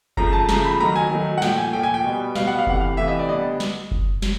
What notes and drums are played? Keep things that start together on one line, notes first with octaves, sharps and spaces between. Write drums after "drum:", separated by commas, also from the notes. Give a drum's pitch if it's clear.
C#3 F3 A3 A#5, drum: kick F#1
A5
C#3 F3 A3 A#5, drum: snare
B5
D#3 F#3 A3 A#5
G#5
D#3 F#3 A3
F#5
A#2 F3 A3 G5, drum: snare
G#5
A#2 F3 A3 G5
G#5
G5
B2 G3 B3
B2 G3 B3 F5, drum: snare
F#5
F5
C3 E3 A3 F#5, drum: kick F#1
F5
C3 E3 A3 E5
D#5
D5
D3 G3 B3 D#5
drum: snare
drum: kick F#1
drum: snare